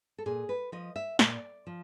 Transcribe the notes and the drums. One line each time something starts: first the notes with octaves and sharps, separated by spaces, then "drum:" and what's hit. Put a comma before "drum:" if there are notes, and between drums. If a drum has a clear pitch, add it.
A4
A#2 G#4
B4
F3 D#5
E5
A#2 D5, drum: snare
F3